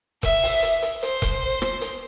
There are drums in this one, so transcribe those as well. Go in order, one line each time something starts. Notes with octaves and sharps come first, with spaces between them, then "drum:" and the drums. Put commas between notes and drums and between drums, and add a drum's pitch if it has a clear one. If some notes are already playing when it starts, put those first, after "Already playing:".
E5, drum: kick E1, hi-hat
drum: open hi-hat
drum: hi-hat
drum: hi-hat
C5, drum: hi-hat
drum: kick E1, hi-hat
drum: rim click
drum: hi-hat